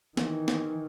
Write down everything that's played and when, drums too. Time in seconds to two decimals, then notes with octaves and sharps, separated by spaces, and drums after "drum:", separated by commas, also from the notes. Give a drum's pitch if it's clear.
0.17 D#3 E3, drum: snare
0.48 drum: snare